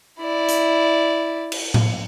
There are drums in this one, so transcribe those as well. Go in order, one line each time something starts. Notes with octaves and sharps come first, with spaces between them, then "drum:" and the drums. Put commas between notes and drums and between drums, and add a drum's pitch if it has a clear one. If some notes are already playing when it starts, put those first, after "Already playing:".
E4 D5
drum: hi-hat
drum: cymbal
drum: tom A2